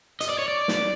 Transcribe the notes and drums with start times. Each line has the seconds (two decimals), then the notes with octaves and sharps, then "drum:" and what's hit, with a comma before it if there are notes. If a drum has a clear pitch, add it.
0.21 D#5, drum: hi-hat
0.29 D5
0.39 C#5
0.48 D5
0.68 drum: snare